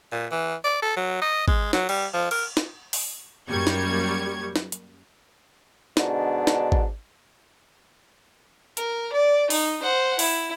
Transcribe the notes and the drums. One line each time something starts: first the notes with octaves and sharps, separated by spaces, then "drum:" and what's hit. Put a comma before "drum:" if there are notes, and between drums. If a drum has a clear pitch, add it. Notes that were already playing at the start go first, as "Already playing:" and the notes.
A#2
E3
D5
A4
F#3
D#5
G#3, drum: kick G#1
F#3, drum: snare
G3, drum: cymbal
F3
A#4, drum: cymbal
drum: snare
drum: open hi-hat
F#2 G3 A#3 C#6 G#6
drum: snare
drum: snare
drum: hi-hat
G#2 B2 D3 D4, drum: snare
drum: snare
drum: kick G#1
A#4, drum: hi-hat
D5
D#4, drum: open hi-hat
C5 F#5
E4, drum: open hi-hat